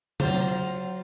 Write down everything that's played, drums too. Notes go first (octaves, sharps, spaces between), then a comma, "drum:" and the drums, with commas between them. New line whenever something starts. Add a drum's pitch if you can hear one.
F#3 F4 C5, drum: tom C#3